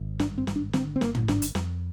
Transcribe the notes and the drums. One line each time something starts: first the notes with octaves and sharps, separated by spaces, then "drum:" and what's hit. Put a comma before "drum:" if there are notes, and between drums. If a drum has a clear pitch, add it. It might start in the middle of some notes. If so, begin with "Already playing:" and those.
Already playing: G#1
G2 D4, drum: snare
C4
G#1, drum: snare
D4
D3 C4, drum: snare
C4
G1 A#3, drum: snare
drum: tom
G1 D4, drum: snare
drum: hi-hat
F2, drum: snare